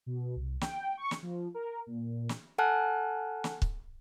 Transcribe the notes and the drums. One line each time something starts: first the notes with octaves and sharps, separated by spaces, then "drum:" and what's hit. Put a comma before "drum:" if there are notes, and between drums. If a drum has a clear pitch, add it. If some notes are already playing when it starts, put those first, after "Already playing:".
B2
C2
G5, drum: snare
C#6
drum: snare
F3
A#4
A#2
drum: snare
A4 F#5 G#5 A5 F6 F#6
drum: snare
drum: kick C#1